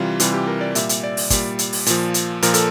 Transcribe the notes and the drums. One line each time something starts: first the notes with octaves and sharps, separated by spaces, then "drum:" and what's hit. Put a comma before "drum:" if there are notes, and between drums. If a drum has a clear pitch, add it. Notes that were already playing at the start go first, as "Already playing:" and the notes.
Already playing: C3 E3 G3 F4
C3 E3 G3 F4, drum: hi-hat
G4
A#4
D5
A#2 G3 E5, drum: hi-hat
drum: hi-hat
D5
drum: open hi-hat
A#2 G3, drum: kick, hi-hat
drum: hi-hat
drum: open hi-hat
A#2 F3, drum: hi-hat
drum: hi-hat
A#2 F3 A#4, drum: hi-hat
A4, drum: hi-hat